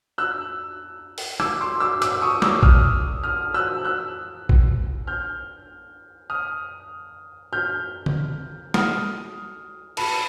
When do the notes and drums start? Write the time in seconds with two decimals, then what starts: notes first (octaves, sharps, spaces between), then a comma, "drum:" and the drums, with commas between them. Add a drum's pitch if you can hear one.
0.18 E6 F#6
1.18 drum: open hi-hat
1.40 D6 E6, drum: rim click
1.61 C6 D6
1.80 D6 E6
2.02 D6 E6, drum: hi-hat
2.22 C#6 D#6
2.42 D6 E6, drum: snare
2.63 D#6 F6, drum: kick
3.24 D#6 F6
3.54 E6 F#6
3.85 E6 F#6
4.49 drum: kick
5.07 F6 G6
6.30 D#6 F6
7.53 F6 G6
8.06 drum: tom D3
8.74 D#6 F6, drum: snare
9.97 A5 B5, drum: cymbal